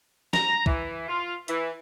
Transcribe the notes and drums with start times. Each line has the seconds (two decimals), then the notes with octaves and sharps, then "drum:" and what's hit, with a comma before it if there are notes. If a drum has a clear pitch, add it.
0.33 A#5, drum: snare
0.66 E3, drum: kick
1.08 F4
1.48 E3, drum: hi-hat